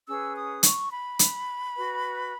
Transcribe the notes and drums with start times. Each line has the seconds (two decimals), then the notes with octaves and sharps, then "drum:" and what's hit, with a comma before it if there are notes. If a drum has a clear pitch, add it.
0.07 C#4 G#4 B4 E6
0.35 D#6
0.63 C#6, drum: hi-hat
0.91 B5
1.19 drum: hi-hat
1.75 F#4 B4